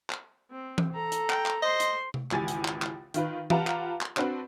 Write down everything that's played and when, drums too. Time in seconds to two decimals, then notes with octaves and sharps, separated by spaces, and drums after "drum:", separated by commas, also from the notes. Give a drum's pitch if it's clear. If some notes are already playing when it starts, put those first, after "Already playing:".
0.10 drum: clap
0.51 C4
0.78 drum: tom E3
0.92 A4 A#5
1.12 drum: hi-hat
1.30 G5, drum: clap
1.46 drum: clap
1.62 C5 D#5 C6
1.80 drum: hi-hat
2.14 drum: tom C3
2.31 G#1 C#2 E3 G4 G#5 A6, drum: clap
2.48 drum: hi-hat
2.65 drum: clap
2.82 drum: clap
3.14 D#3 F4 B4, drum: hi-hat
3.50 F4 G4 B4 F#5 A5 A#5, drum: tom E3
3.67 drum: clap
4.01 drum: clap
4.17 C4 D4 F#4 B4, drum: clap